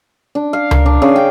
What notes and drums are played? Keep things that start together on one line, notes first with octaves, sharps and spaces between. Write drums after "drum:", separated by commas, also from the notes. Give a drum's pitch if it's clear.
D4
F5
A#4, drum: tom C#2
D4
C#3
G5